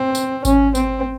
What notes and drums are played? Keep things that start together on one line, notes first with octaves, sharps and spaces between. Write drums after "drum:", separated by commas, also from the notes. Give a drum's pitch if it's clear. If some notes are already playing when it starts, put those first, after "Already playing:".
Already playing: C4
drum: tambourine
C#4, drum: kick G#1, tambourine
C4, drum: tambourine